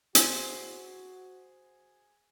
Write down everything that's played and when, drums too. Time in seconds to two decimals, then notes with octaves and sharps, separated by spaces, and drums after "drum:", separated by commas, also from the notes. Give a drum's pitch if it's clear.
0.15 F#4 G#4 C5, drum: hi-hat